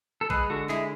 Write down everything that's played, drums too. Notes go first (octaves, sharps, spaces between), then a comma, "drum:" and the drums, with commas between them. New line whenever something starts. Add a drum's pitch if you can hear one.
A4
G#3 G#4 B4, drum: kick A#1
D3 F#4 A4
G#3 E4 G#4, drum: clap